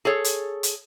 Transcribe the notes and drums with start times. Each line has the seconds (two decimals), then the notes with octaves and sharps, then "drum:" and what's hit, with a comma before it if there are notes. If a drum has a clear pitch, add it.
0.05 G#4 A4 C#5
0.24 drum: hi-hat
0.63 drum: hi-hat